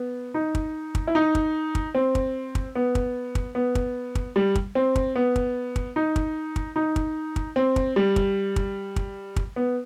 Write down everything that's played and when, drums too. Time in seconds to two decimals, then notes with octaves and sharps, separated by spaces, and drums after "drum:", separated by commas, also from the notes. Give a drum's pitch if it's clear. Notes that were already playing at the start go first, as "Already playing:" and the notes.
Already playing: B3
0.34 D#4
0.55 drum: kick
0.95 drum: kick
1.07 E4
1.15 D#4
1.35 drum: kick
1.75 drum: kick
1.95 C4
2.15 drum: kick
2.55 drum: kick
2.75 B3
2.95 drum: kick
3.35 drum: kick
3.55 B3
3.75 drum: kick
4.15 drum: kick
4.36 G3
4.55 drum: kick
4.75 C4
4.96 drum: kick
5.16 B3
5.36 drum: kick
5.76 drum: kick
5.96 D#4
6.16 drum: kick
6.56 drum: kick
6.76 D#4
6.96 drum: kick
7.36 drum: kick
7.56 C4
7.76 drum: kick
7.96 G3
8.16 drum: kick
8.56 drum: kick
8.96 drum: kick
9.36 drum: kick
9.56 B3